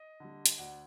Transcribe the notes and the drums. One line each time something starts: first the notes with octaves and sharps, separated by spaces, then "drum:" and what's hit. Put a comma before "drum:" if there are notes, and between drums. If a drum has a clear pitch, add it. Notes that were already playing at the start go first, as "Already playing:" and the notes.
Already playing: D#5
D3 G3
drum: hi-hat
D2 D5 F#5